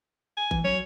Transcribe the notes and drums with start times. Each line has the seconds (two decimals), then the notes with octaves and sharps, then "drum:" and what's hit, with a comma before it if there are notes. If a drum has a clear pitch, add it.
0.37 G#5
0.51 E3, drum: kick A1
0.64 F#3 C#5